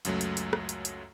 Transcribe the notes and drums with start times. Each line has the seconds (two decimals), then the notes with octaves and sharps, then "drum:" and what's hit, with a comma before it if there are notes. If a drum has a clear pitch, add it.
0.05 C#2 F#2 F#3 A3, drum: hi-hat
0.21 drum: hi-hat
0.37 drum: hi-hat
0.53 drum: rim click
0.69 drum: hi-hat
0.85 drum: hi-hat